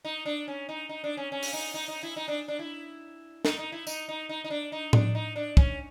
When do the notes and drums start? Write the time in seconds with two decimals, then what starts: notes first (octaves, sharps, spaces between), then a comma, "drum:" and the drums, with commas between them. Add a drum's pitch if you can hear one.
0.05 D#4
0.26 D4
0.48 C#4
0.69 D#4
0.89 D#4
1.04 D4
1.17 C#4
1.32 C#4
1.43 drum: open hi-hat
1.53 D#4
1.74 D#4
1.88 D#4
2.03 E4
2.16 D#4
2.28 D4
2.48 D4
2.59 E4
3.45 D#4, drum: snare
3.59 D#4
3.72 E4
3.87 D#4, drum: tambourine
4.09 D#4
4.29 D#4
4.44 D#4
4.50 D4
4.72 D#4
4.93 D4, drum: tom A2
5.15 D#4
5.36 D4
5.57 C#4, drum: kick